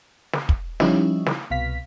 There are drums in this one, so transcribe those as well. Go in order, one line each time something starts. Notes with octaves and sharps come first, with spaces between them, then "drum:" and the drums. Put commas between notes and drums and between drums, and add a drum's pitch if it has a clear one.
drum: snare
drum: kick
F3 G3 C#4 D#4 E4, drum: snare
drum: snare
C2 B2 F5 B6